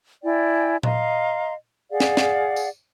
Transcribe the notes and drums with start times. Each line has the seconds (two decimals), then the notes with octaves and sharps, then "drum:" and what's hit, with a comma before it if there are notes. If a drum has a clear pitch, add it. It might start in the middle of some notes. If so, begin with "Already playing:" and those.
0.24 E4 D5 G5 G#5
0.83 D#5 F5 A#5 C6, drum: tom A#2
1.91 G#4 D5 F5 F#5
2.00 drum: snare
2.17 drum: snare
2.56 drum: tambourine